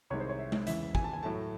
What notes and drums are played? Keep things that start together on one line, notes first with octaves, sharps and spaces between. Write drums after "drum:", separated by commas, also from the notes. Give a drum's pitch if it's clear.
C2 C3 D#3 G#3 C#5
C5
C#5
E5
drum: tom G#3
E2 C#3 E3 E5, drum: hi-hat
G#5, drum: kick
A5
G#5
A2 F#3 A3 A5